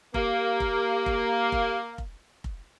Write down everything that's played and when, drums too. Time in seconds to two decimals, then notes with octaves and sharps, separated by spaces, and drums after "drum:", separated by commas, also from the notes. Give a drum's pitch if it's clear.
0.14 A#3 G4, drum: kick F1
0.60 drum: kick F1
1.06 drum: kick F1
1.52 drum: kick F1
1.98 drum: kick F1
2.44 drum: kick F1